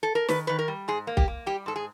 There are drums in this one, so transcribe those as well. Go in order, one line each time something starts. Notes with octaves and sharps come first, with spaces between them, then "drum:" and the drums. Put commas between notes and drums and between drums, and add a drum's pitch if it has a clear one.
A4
A#4
D#3 B4, drum: snare
D#3 B4
A#4
G3
G#2 G#4
A#3
G4, drum: kick B1
A#3
G3 G4
G#2 A4
G#4